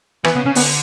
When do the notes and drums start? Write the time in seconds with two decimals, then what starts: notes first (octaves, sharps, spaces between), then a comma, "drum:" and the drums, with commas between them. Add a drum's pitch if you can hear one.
0.24 E3 B3, drum: rim click
0.35 C#3 B3
0.45 C#3 C#4
0.55 D3 B3, drum: open hi-hat